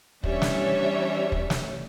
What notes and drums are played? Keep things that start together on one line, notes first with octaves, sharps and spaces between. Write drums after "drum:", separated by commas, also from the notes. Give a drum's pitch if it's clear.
E3 G3 C#4 D4 C#5 E5, drum: kick
drum: snare
drum: kick
drum: snare